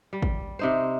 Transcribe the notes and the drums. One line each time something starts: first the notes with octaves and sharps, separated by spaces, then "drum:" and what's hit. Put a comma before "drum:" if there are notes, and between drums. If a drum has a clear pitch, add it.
G3
drum: kick
C3 D#4 C5